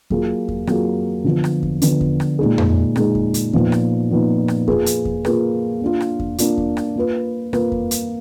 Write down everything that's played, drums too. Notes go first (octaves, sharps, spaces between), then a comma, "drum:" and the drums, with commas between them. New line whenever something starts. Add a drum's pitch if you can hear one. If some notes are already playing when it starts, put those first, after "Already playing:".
F#3 A#3 F4 G#4, drum: kick E2
drum: kick E2
F#3 A#3 F4 G#4, drum: rim click
D3 F3 B3
drum: rim click
drum: kick E2
D3 F3 B3, drum: hi-hat
drum: kick E2
drum: rim click
A#2 G#3 D#4 G#4
drum: tom F2
A#2 G#3 D#4 G#4, drum: rim click
drum: kick E2
drum: hi-hat
A#2 F3 B3 D#4, drum: kick E2
drum: rim click
A#2 F3 B3 D#4
drum: rim click
A#3 F4 G#4 B4, drum: kick E2
drum: hi-hat
drum: kick E2
A#3 F4 G#4 B4, drum: rim click
A#3 D4 F4
drum: rim click
drum: kick E2
A#3 D4 F4, drum: hi-hat
drum: kick E2
drum: rim click
A#3 F4 B4
A#3 F4 B4, drum: rim click
drum: kick E2
drum: hi-hat